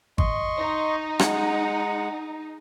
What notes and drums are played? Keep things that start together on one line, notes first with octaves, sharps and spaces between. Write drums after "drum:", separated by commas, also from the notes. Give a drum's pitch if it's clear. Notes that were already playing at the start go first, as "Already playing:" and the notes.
D#5 C6 C#6, drum: kick G#1
D#4
G#3 F#5, drum: rim click